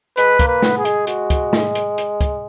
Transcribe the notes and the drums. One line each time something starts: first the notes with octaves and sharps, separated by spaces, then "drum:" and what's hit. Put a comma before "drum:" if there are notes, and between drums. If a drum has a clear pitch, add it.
G#3 B4, drum: hi-hat
A#3, drum: kick, hi-hat
B4
B3, drum: snare
G#4
G#3, drum: hi-hat
F#4, drum: hi-hat
drum: kick, hi-hat
drum: snare
drum: hi-hat
drum: hi-hat
drum: kick, hi-hat